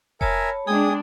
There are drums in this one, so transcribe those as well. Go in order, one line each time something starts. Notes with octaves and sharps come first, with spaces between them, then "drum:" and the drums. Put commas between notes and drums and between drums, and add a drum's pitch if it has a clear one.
A#4 C#5 E5 G#5 A5 B5, drum: kick F1
G#3 D4 G#4 G5 G#5 D#6